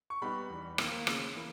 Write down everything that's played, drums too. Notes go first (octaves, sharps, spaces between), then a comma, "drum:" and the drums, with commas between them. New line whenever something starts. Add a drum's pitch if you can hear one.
C#6
G3 B3 D#4 B5
E2
D#3 A#3, drum: rim click
C#3, drum: rim click
E3 A#3 E4